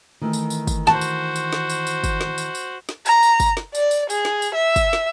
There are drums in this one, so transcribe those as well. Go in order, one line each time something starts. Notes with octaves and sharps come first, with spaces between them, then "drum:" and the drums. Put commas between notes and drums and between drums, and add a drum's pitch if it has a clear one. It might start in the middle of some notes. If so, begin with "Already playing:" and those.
D#3 E3 A3
drum: tambourine
drum: tambourine
drum: kick, tambourine
F#4 C5 A5, drum: snare
drum: tambourine
drum: tambourine
drum: snare
drum: tambourine
drum: tambourine
drum: kick, tambourine
drum: snare
drum: tambourine
drum: tambourine
drum: snare
A#5, drum: tambourine
drum: tambourine
drum: kick, tambourine
drum: snare
D5, drum: tambourine
drum: tambourine
G#4, drum: tambourine
drum: snare
drum: tambourine
E5
drum: kick, tambourine
drum: snare